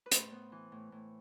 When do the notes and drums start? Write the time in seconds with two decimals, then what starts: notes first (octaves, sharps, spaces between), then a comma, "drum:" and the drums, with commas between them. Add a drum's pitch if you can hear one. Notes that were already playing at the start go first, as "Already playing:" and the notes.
0.06 B4
0.11 A2 C5, drum: hi-hat
0.32 B3
0.52 E3
0.72 A2
0.92 A2